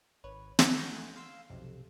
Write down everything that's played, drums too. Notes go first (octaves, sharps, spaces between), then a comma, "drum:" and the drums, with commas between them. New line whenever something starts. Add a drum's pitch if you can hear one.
G#1 B4 C#5
F#5 B5 C#6, drum: snare
A#5 C6 C#6 F6 G6 C7
A3 F#5 G#5
F5 C6 E6
B1 F2 C3